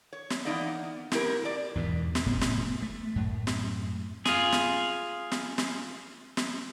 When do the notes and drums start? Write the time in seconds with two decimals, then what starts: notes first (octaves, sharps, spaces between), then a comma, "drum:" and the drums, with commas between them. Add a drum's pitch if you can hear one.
0.13 C#5
0.30 drum: snare
0.45 E3 A#3 B3 D#4 D5 D#5
1.12 C4 D4 E4 F#4 G4 A#4, drum: snare
1.41 A#2 A4 D5
1.75 E2 G#2 B2
2.15 drum: snare
2.26 F1 A2 B3
2.41 drum: snare
2.82 A3
3.16 F#2 A2
3.47 drum: snare
4.25 F4 G#4, drum: snare
4.52 drum: snare
5.32 drum: snare
5.58 drum: snare
6.37 drum: snare